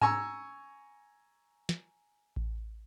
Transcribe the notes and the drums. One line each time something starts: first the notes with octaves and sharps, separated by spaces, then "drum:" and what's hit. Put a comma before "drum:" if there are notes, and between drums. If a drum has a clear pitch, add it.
G#5 A#5 C#6 E6, drum: tom G#2
drum: snare
drum: kick A1